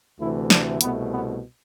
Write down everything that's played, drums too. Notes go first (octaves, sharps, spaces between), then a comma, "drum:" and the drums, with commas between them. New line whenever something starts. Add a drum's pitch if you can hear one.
D2 C3 E3 A3 E4
D4, drum: snare
C2 B2 A3 B3, drum: hi-hat
B3